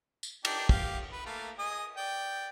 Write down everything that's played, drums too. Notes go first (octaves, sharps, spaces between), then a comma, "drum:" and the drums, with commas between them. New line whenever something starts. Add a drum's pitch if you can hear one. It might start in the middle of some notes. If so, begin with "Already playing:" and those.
drum: tambourine
D4 D#4 G5, drum: cymbal
G4 F5, drum: kick
B4
A3 A#3 F5
G#4 D#5 D#6
D5 G5